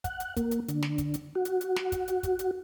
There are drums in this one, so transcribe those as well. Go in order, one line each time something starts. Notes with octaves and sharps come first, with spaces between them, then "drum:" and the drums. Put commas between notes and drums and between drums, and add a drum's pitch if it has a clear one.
F#5, drum: kick, hi-hat
drum: hi-hat
A#3, drum: kick, hi-hat
drum: hi-hat
D3, drum: hi-hat
drum: snare
drum: kick, hi-hat
drum: hi-hat
F#4
drum: hi-hat
drum: hi-hat
drum: snare
drum: kick, hi-hat
drum: hi-hat
drum: kick, hi-hat
drum: hi-hat